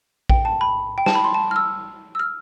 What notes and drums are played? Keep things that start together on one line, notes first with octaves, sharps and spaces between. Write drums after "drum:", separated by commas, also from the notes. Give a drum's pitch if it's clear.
G5, drum: kick A#1
A5
B5
G5
A5, drum: snare
B5
C6
A5
F6
E6
E6
F6